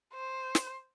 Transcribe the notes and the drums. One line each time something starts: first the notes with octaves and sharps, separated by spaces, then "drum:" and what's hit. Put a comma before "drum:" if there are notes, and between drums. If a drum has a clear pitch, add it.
C5
drum: snare